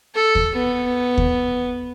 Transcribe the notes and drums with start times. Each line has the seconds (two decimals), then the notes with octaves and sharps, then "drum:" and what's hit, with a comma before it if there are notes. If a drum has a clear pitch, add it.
0.15 A4
0.35 drum: kick D#2
0.56 B3
1.18 drum: kick D#2